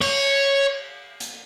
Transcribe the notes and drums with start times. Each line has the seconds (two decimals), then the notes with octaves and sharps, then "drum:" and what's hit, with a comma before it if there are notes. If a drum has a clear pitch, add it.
0.02 C#5, drum: cymbal
1.20 drum: hi-hat